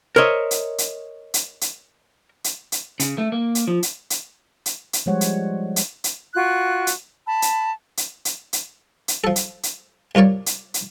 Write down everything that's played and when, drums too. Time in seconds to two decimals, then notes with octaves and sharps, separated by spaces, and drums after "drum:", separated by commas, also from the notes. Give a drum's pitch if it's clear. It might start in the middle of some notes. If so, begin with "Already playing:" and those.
0.16 A#4 C5 C#5 D#5 E5
0.51 drum: hi-hat
0.78 drum: hi-hat
1.34 drum: hi-hat
1.61 drum: hi-hat
2.44 drum: hi-hat
2.72 drum: hi-hat
3.00 C#3, drum: hi-hat
3.18 A3
3.32 A#3
3.55 drum: hi-hat
3.68 F3
3.83 drum: hi-hat
4.10 drum: hi-hat
4.66 drum: hi-hat
4.93 drum: hi-hat
5.06 F3 G3 G#3 C5 C#5 F#5
5.21 drum: hi-hat
5.76 drum: hi-hat
6.04 drum: hi-hat
6.35 F4 F#4 F#6
6.87 drum: hi-hat
7.25 A5 B5
7.42 drum: hi-hat
7.97 drum: hi-hat
8.25 drum: hi-hat
8.53 drum: hi-hat
9.08 drum: hi-hat
9.24 F3 A4
9.36 drum: hi-hat
9.63 drum: hi-hat
10.15 C2 F4 A#4 C#5 D5
10.46 drum: hi-hat
10.74 drum: hi-hat